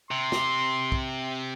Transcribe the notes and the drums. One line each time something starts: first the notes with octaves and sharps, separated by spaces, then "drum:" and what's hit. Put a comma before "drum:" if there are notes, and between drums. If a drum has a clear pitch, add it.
C3 C6
drum: snare
drum: kick